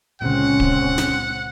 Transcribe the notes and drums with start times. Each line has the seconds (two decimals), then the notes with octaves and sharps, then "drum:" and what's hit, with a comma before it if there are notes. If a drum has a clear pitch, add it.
0.22 C#2 A#2 D3 A#3 C4 C#4 F#5
0.60 drum: kick D1
0.98 drum: snare